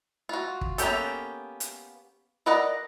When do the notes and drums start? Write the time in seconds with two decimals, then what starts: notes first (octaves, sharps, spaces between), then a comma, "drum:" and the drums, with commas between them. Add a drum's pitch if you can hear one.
0.29 F4 F#4
0.61 drum: kick
0.78 A#3 B3 C#4 G4 A4, drum: hi-hat
1.60 drum: hi-hat
2.46 A#4 B4 D5 D#5 F#5